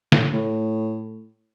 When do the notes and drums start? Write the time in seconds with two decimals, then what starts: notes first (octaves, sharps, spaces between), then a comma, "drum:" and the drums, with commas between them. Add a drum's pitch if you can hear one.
0.12 A2, drum: snare
0.33 A2